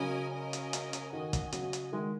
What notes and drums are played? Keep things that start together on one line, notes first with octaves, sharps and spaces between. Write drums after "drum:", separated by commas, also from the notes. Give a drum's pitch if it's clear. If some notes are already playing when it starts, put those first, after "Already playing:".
Already playing: C#3 F#3 C#4 A#4 D#5 G#5
C#4 A#4 D#5 G#5
drum: hi-hat
drum: hi-hat
drum: hi-hat
D#3 F#4 D#5 G#5
drum: kick, hi-hat
C#3 F#3, drum: hi-hat
drum: hi-hat
D#3 G#3